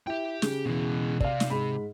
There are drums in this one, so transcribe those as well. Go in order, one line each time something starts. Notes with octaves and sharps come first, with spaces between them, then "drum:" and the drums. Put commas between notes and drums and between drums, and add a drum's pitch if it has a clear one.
E4 G4 G5
C#3, drum: snare
B2 E3
C3 D5 F5, drum: kick
drum: snare
G#2 B5